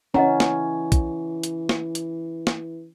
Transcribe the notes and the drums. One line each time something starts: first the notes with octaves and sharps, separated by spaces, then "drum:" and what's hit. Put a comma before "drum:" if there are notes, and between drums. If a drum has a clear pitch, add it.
E3 C#4 D#5 F#5 A#5
drum: snare
drum: kick, hi-hat
drum: hi-hat
drum: snare
drum: hi-hat
drum: snare